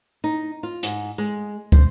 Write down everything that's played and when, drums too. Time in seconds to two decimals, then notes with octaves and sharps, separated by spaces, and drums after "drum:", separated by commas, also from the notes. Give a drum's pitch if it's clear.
0.24 D#4
0.63 F4
0.83 G#2, drum: hi-hat
1.18 G#3
1.72 C5, drum: kick